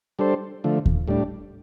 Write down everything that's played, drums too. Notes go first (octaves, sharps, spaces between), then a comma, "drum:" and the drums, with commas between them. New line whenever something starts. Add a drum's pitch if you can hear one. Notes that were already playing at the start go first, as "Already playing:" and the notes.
G3 D4 A4 C5
D3 F3 A3
drum: kick D#2
A2 G3 D4